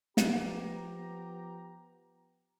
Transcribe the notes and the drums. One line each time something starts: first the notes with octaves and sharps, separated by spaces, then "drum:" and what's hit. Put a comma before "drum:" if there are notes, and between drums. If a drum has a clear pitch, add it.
F3 B3 G4 A#5, drum: snare